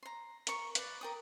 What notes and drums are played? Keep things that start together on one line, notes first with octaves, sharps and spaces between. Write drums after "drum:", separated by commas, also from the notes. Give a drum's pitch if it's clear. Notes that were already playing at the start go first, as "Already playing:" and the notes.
A#5 C6
A#4 C#6, drum: hi-hat
B4 D5, drum: hi-hat
A#4 G5 D#6